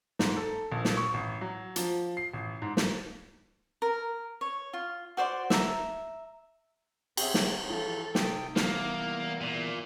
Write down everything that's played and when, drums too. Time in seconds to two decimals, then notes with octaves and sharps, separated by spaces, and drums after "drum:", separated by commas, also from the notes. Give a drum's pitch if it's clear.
0.19 G#2, drum: snare
0.36 A4
0.72 A#1
0.85 drum: snare
0.97 C#6
1.14 A1
1.41 F#3
1.76 F3, drum: hi-hat
2.17 C7
2.34 A1
2.62 G#2
2.77 drum: snare
3.82 A#4
4.41 C#5
4.73 F4
5.17 F#4 C5 D5 C6
5.50 E5 A#5, drum: snare
7.17 C4 G4 G#4 E5, drum: cymbal
7.34 drum: snare
7.70 E3 F3 A4
8.15 C3 D#4 G5, drum: snare
8.56 E3 G3 A#3 B3, drum: snare
9.41 A#2